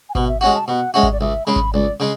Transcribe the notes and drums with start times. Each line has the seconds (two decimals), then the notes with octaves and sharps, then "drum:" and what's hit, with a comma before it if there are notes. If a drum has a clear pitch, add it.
0.09 G#5
0.15 B2 F#5, drum: kick G#1
0.28 E5
0.41 G#3 C#4 F#4 F#5
0.54 A5
0.68 B2 F#5
0.94 G#3 C#4 F#4 E5
1.03 drum: kick G#1
1.12 D5
1.21 C#2 E5
1.47 C#3 G#3 B5
1.56 drum: kick G#1
1.73 C#2 D5
2.00 C#3 G#3